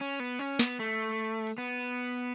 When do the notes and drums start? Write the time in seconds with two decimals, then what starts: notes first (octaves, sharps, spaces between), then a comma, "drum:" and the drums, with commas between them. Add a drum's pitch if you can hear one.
0.01 C#4
0.20 B3
0.39 C#4
0.59 B3, drum: snare
0.79 A3
1.47 drum: open hi-hat
1.58 B3